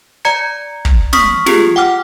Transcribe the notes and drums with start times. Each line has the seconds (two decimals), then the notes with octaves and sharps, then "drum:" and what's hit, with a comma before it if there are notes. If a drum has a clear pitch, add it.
0.25 D5 A#5 G#6 C#7
0.85 drum: kick
1.13 C#6 D#6 F6 B6, drum: snare
1.46 F4 G4 G#4, drum: snare
1.76 F#5 G5 D6 F6